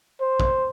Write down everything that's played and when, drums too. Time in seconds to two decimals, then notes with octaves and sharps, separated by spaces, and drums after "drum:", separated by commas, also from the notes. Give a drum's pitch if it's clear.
0.21 C5
0.40 drum: kick